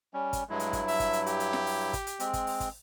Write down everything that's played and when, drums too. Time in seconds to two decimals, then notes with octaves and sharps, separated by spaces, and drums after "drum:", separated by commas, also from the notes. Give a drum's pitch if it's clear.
0.14 G3 C#4
0.33 drum: kick, hi-hat
0.50 G2 F#3 G#3 E4
0.60 drum: hi-hat
0.73 drum: kick, hi-hat
0.88 E5, drum: open hi-hat
1.00 drum: kick, hi-hat
1.13 drum: hi-hat
1.26 G4, drum: hi-hat
1.40 drum: hi-hat
1.53 drum: snare
1.67 drum: open hi-hat
1.93 drum: kick, hi-hat
2.07 drum: hi-hat
2.20 G#3 C4, drum: hi-hat
2.33 drum: kick, hi-hat
2.47 drum: open hi-hat
2.60 drum: kick, hi-hat